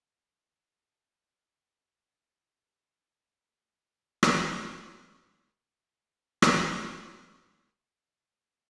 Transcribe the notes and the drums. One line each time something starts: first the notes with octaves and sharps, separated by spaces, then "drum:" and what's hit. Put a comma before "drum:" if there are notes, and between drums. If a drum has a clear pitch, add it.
D4
G#3
E3 B3 C#4 G4
A3
drum: rim click
B2 C5 C#5 C6
A#2 F3
C4
drum: rim click
G4 E6 G6 G#6
F#2 C3 D#3 F#3